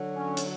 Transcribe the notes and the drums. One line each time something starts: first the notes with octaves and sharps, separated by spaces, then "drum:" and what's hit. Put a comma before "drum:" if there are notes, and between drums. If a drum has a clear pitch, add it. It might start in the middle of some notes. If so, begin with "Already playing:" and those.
Already playing: D3 F#3
C#4
drum: hi-hat